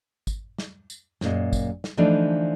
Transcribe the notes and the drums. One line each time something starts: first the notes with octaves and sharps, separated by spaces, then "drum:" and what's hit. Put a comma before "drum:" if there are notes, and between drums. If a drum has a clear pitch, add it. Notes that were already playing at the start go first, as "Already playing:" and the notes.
drum: kick G#1, tambourine
drum: snare
drum: tambourine
F#2 A#2 G#3, drum: snare
drum: kick G#1, tambourine
drum: snare
D3 E3 F3 A3 D4 D#4